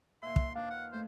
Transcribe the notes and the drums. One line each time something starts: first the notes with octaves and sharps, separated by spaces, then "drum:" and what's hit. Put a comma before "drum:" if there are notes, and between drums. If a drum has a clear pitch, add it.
D#2 A#2 E5 C6
drum: kick
D#2 F3 D4 B4 F5
F#5
F2 A3 C5 E5